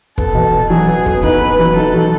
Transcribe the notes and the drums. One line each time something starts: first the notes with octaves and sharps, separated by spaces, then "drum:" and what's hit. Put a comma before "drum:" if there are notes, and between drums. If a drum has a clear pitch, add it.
B3 A4, drum: kick
B2
B3
F#3 G#4
B3
B3, drum: kick
D#4 B4, drum: kick
B3
F#3
D#4 A4
F#3